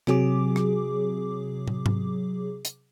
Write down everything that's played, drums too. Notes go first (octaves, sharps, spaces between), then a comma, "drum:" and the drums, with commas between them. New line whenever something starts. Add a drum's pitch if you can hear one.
C3 F#3 G#4 D6, drum: rim click
drum: rim click
drum: tom
drum: tom G#2
drum: hi-hat